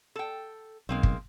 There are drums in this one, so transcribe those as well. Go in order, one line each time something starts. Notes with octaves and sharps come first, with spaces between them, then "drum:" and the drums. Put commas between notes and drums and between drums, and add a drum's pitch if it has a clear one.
A4 G5
B1 G#3 A#3 C4
drum: kick